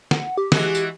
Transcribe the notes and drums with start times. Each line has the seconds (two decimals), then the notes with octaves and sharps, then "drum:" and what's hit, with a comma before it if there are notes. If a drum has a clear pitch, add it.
0.11 F#5, drum: snare
0.37 G4
0.52 E3 G#3 F#4, drum: snare
0.75 drum: tambourine